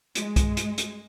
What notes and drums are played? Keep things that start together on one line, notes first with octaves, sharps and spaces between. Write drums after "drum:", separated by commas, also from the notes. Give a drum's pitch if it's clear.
G#3, drum: hi-hat
drum: kick, hi-hat
drum: hi-hat
drum: hi-hat